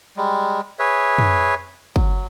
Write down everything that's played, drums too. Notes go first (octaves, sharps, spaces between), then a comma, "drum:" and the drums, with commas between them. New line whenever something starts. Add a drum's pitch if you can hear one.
G3 G#3
G#4 B4 C#5 E5
drum: tom
F#3, drum: kick